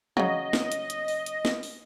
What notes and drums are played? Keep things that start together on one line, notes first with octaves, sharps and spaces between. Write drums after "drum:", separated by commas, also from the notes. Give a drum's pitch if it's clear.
C#3 F#3 D#5, drum: tom
drum: snare
drum: hi-hat
drum: hi-hat
drum: open hi-hat
drum: hi-hat
drum: snare
drum: open hi-hat